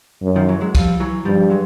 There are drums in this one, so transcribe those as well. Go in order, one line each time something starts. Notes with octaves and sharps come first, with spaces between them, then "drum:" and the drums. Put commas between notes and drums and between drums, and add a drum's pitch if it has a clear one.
F#2
D#3 F3
E3 F#3
F#3 G#3
F3 G3, drum: kick C2, cymbal
E3 F#3
G2 F3 G3
F#3 G#3